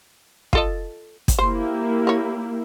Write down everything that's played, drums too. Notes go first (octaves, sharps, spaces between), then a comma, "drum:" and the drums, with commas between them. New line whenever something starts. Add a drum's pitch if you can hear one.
F4 A4 D#5, drum: kick
drum: kick, hi-hat
A#3 E4 G4 C5
A#4 C#5